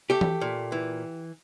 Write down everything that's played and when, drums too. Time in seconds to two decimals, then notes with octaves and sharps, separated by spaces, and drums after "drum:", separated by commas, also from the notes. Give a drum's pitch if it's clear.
0.10 A3 G4
0.21 drum: tom E3
0.41 A#2
0.72 E3